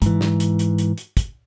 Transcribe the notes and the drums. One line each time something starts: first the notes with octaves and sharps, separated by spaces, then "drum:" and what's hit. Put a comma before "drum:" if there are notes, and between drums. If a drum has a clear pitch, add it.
G#2 E3, drum: kick, hi-hat
drum: snare
drum: hi-hat
drum: hi-hat
drum: hi-hat
drum: hi-hat
drum: kick, hi-hat